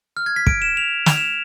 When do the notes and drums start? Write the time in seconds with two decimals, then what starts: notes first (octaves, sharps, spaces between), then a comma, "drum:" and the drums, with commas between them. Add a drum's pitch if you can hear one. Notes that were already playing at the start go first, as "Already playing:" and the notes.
0.17 F6
0.26 G#6
0.36 B6
0.47 D7, drum: kick
0.62 E7
0.77 F7
1.06 F7, drum: snare
1.17 E7